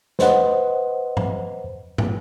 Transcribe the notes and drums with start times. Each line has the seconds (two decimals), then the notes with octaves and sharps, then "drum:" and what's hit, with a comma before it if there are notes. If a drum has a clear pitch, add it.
0.19 B4 C5 D#5 F#5, drum: snare
1.17 drum: tom
1.98 drum: tom